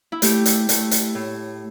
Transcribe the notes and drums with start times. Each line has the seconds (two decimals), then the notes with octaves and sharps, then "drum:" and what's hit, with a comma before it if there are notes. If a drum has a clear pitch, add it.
0.12 E4
0.22 A3 G4, drum: hi-hat
0.45 drum: hi-hat
0.69 A3, drum: hi-hat
0.91 drum: hi-hat
1.15 A2